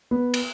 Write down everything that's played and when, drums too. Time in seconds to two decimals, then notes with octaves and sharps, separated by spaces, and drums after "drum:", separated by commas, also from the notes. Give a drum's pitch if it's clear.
0.11 B3
0.34 drum: cymbal